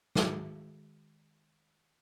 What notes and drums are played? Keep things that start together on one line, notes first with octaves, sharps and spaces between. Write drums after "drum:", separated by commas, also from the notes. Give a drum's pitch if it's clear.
D#3 G#3 F#4 G#4 E5 D6, drum: snare